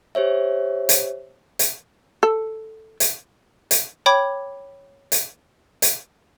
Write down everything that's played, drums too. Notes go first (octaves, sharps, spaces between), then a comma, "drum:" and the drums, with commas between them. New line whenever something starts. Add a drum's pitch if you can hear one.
G4 C5 C#5 E5
drum: hi-hat
drum: hi-hat
A4
drum: hi-hat
drum: hi-hat
C#5 G5 B5 D6 G#6
drum: hi-hat
drum: hi-hat